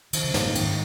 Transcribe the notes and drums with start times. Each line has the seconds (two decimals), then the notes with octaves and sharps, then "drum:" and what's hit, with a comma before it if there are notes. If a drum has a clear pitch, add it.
0.13 D#3 F3, drum: cymbal
0.24 C#3
0.34 G#2 A#3 D#4 C#5, drum: snare
0.45 G#2
0.55 G#2 D#3, drum: cymbal